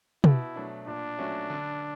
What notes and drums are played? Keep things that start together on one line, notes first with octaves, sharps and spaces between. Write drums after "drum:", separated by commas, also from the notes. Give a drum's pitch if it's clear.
B2 E4, drum: tom
F#3 A3 D4
A#2 D4
F#3 A3 C#4 F#4
D3